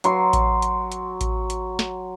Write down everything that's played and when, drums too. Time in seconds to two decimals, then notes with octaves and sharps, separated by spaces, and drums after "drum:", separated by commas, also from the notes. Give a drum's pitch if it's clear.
0.04 F#3 C6, drum: hi-hat
0.33 drum: kick A1, hi-hat
0.62 drum: hi-hat
0.92 drum: hi-hat
1.21 drum: kick A1, hi-hat
1.50 drum: hi-hat
1.79 drum: snare